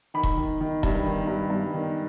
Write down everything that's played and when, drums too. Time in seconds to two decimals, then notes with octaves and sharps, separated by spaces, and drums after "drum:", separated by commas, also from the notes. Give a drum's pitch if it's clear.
0.14 D#3 B5
0.23 drum: kick E1
0.37 D#3
0.60 D#3
0.83 G2, drum: kick E1
1.06 D#3
1.27 G2
1.50 G2
1.74 D#3